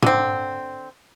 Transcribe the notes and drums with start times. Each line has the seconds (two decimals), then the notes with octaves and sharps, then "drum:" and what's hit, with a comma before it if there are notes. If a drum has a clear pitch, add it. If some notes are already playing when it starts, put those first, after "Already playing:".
0.02 D3 C4, drum: tom